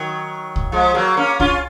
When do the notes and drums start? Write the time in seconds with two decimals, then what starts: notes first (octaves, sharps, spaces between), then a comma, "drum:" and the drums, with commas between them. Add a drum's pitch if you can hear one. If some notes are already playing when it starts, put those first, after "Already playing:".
Already playing: D#3 F#3
0.56 drum: kick C2
0.72 F3 G#3
0.95 F#3 A#3
1.17 A#3 C#4
1.40 C#4 F4, drum: kick C2